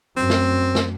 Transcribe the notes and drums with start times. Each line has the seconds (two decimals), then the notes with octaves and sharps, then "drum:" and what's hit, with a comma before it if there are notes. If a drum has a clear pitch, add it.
0.16 F#2 C4
0.30 drum: snare
0.75 drum: snare